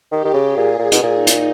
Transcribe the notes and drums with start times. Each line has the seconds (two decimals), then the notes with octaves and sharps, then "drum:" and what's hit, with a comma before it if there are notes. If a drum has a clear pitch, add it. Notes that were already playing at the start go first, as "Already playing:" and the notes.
0.12 D#3 G4
0.25 D#3
0.34 C#3
0.45 G#4
0.57 A#2
0.79 A#2 G#4
0.92 B2, drum: hi-hat
1.03 A#2
1.13 D#4
1.27 drum: hi-hat